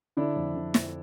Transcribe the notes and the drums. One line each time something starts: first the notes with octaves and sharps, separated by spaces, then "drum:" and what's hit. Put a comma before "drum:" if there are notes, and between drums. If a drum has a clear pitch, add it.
D3 D4 E4
F2
D3
F2, drum: snare